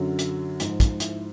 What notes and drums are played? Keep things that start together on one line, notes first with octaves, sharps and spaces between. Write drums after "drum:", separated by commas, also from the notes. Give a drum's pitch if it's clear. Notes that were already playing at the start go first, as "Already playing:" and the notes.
Already playing: F#2 D3 F#3
drum: hi-hat
G#2 F3, drum: hi-hat
drum: kick, hi-hat
E4, drum: hi-hat